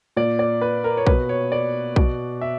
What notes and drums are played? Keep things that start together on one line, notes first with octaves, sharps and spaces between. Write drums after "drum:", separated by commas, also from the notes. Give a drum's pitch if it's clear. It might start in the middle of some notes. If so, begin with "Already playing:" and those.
A#2 D5
D5
B4
A#4
C#5
B2 B4, drum: kick A#1
C#5
D5
B2, drum: kick A#1
E5